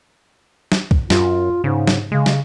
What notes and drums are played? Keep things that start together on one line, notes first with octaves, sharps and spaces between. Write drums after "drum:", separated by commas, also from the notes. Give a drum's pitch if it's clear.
drum: snare
drum: kick C2
F#2 F4, drum: snare
G#2 C#3
drum: snare
C#3 G#3
drum: snare